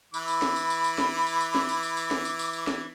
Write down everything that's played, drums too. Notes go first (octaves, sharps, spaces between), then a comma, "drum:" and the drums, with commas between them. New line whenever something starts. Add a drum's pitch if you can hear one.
E3 B5 D6, drum: tambourine
drum: tambourine
drum: snare
drum: tambourine
drum: tambourine
drum: tambourine
drum: snare
drum: tambourine
drum: tambourine
drum: snare
drum: tambourine
drum: tambourine
drum: tambourine
drum: snare
drum: tambourine
drum: tambourine
drum: tambourine
drum: snare